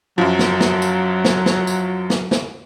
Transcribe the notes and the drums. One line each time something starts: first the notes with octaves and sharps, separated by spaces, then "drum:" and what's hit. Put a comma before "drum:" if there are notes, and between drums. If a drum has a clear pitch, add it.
F#2 F3 F#3
drum: snare
drum: snare
drum: tambourine
drum: snare
drum: snare
drum: tambourine
drum: snare
drum: snare